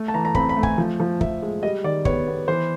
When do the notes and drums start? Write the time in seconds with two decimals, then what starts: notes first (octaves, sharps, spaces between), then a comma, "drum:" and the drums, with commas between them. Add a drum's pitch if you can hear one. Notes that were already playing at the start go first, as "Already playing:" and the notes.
Already playing: A3
0.08 A5
0.14 E3 A#5
0.25 A#5
0.35 C4 B5, drum: kick
0.49 B5
0.56 A3
0.63 G#5, drum: kick
0.78 F3
1.00 F3
1.21 F3 E5, drum: kick
1.42 G#3
1.63 G3 D#5
1.84 D#3 D5
2.05 B3 C#5, drum: kick
2.28 B3
2.48 E3 C5